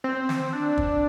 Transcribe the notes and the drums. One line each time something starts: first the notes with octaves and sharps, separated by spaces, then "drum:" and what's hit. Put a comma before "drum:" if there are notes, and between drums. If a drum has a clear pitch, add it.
C4
drum: snare
D4
drum: kick